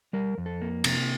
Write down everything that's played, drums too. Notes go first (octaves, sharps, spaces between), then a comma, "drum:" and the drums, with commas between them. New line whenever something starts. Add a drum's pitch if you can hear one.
G3 A#4
F2
A4
A#3
C3, drum: cymbal